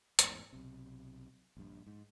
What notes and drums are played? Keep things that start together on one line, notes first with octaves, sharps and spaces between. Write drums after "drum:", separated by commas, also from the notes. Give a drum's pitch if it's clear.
A1 E2 G#2, drum: hi-hat
B1 C3
A#1 G2
G#2